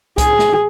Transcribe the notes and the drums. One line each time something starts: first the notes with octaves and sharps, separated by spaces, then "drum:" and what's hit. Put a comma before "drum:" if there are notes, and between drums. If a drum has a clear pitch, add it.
G#4, drum: kick C2, hi-hat
drum: snare